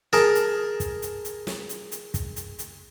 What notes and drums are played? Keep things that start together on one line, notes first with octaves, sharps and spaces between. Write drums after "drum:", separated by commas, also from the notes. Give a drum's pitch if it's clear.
G#4 A#4 A5, drum: snare
drum: hi-hat
drum: kick, hi-hat
drum: hi-hat
drum: hi-hat
drum: snare
drum: hi-hat
drum: hi-hat
drum: kick, hi-hat
drum: hi-hat
drum: hi-hat